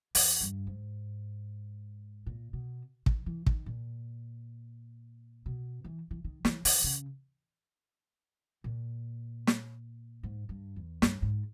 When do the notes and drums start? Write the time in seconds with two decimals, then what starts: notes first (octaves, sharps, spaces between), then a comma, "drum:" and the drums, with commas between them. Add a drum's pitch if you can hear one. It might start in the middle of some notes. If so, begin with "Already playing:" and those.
0.15 E2, drum: open hi-hat
0.41 G2
0.67 G#2
2.26 A#2
2.53 B2
3.06 D#3, drum: kick
3.26 E3
3.46 D#3, drum: kick
3.66 A#2
5.46 B2
5.84 E3
6.11 E3
6.24 D#3
6.45 E3, drum: snare
6.65 D#3, drum: open hi-hat
6.84 C#3
8.64 A#2
9.47 drum: snare
10.23 G#2
10.49 G2
10.76 E2
11.02 G2, drum: snare
11.22 G#2